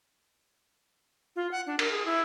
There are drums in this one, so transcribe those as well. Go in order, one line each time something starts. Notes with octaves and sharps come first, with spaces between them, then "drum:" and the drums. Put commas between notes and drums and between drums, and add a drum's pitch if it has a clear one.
F4
F#5
D4
A#4, drum: cymbal
G#4
E4